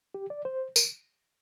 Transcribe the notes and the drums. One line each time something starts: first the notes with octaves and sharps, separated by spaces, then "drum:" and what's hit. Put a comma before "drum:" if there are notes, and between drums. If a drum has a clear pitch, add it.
G4
D5
C5
A#4, drum: tambourine